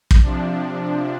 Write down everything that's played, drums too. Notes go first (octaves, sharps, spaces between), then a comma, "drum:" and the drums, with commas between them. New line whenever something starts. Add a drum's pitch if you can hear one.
drum: kick
C3 F3 D4